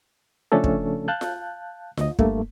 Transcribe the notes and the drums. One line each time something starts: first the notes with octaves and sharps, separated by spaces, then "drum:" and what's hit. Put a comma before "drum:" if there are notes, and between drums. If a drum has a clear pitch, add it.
C#3 F3 A3 C#4 D4 A4
drum: kick
F5 A5 F#6 G6
drum: snare F4
D2 D#5, drum: snare F4
G2 A3 A#3, drum: kick